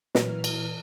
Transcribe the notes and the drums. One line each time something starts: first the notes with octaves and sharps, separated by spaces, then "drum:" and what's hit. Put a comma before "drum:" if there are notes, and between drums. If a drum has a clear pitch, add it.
A#2 E3 F#3 B4 F6, drum: snare
drum: cymbal